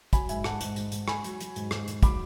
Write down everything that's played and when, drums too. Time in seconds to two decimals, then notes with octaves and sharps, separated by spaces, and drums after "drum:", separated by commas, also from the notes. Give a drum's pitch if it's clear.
0.13 F#3 G#5 B5, drum: kick, hi-hat
0.29 G#2 E5 G#5, drum: hi-hat
0.44 G#2 F#5 A5, drum: rim click
0.61 G#2, drum: hi-hat
0.76 G#2, drum: hi-hat
0.92 G#2, drum: hi-hat
1.08 G#2 G#5 B5, drum: rim click
1.24 F#3, drum: hi-hat
1.40 F#3, drum: hi-hat
1.56 G#2, drum: hi-hat
1.71 G#2, drum: rim click
1.88 G#2, drum: hi-hat
2.03 F#3 B5 D6, drum: kick, hi-hat